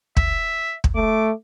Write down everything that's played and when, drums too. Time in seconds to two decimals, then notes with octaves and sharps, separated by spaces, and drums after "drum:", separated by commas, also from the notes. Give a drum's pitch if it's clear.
0.17 E5, drum: kick
0.84 drum: kick
0.95 A3 D6